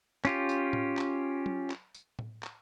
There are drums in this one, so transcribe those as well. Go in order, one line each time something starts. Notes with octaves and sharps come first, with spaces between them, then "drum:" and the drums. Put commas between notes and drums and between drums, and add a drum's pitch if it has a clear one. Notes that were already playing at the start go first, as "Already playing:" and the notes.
C#4 F4 G4, drum: clap
drum: tambourine
drum: tom A2
drum: clap
drum: tom F#3
drum: clap
drum: tambourine
drum: tom A2
drum: clap